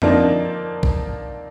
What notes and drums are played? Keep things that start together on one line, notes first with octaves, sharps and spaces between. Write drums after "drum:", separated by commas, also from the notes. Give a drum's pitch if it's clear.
D3 F3 A#3 C4 D4 D#4, drum: tom F2
drum: kick